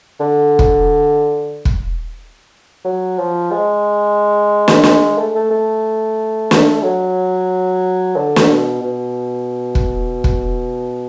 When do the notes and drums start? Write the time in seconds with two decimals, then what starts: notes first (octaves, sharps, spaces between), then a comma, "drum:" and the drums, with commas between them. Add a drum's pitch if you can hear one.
0.20 D3
0.59 drum: kick
1.65 drum: kick
2.85 F#3
3.19 F3
3.51 G#3
4.68 drum: snare
4.84 G#3, drum: snare
5.18 A3
5.35 A3
5.50 A3
6.51 drum: snare
6.83 F#3
8.16 D3
8.36 drum: snare
8.48 B2
8.82 B2
9.75 drum: kick
10.24 drum: kick